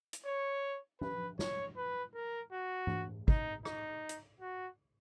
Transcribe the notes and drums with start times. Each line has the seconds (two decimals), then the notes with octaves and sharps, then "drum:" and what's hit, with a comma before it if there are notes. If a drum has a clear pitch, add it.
0.13 drum: hi-hat
0.26 C#5
1.01 B4, drum: tom
1.39 C#5, drum: snare
1.77 B4
2.15 A#4
2.52 F#4
2.87 drum: tom
3.28 D#4, drum: kick
3.65 D#4, drum: rim click
4.09 drum: hi-hat
4.41 F#4